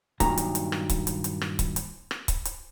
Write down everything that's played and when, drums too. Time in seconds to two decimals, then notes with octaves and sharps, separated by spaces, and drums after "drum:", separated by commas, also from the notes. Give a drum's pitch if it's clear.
0.20 G2 A#2 D#3 F#3 A#5, drum: kick C#1, hi-hat
0.38 drum: hi-hat
0.55 drum: hi-hat
0.72 drum: rim click
0.90 drum: kick C#1, hi-hat
1.07 drum: hi-hat
1.24 drum: hi-hat
1.41 drum: rim click
1.59 drum: kick C#1, hi-hat
1.76 drum: hi-hat
2.11 drum: rim click
2.28 drum: kick C#1, hi-hat
2.45 drum: hi-hat